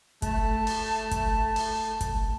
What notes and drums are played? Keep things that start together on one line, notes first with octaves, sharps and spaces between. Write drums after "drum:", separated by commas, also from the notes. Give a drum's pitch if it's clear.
A3 A5, drum: kick F#1, hi-hat
drum: open hi-hat
drum: kick F#1, hi-hat
drum: open hi-hat
drum: kick F#1, hi-hat